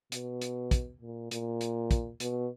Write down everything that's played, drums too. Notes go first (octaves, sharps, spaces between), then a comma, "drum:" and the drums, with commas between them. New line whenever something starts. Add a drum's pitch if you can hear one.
B2, drum: hi-hat
drum: hi-hat
drum: kick, hi-hat
A#2
A#2, drum: hi-hat
drum: hi-hat
drum: kick, hi-hat
B2, drum: hi-hat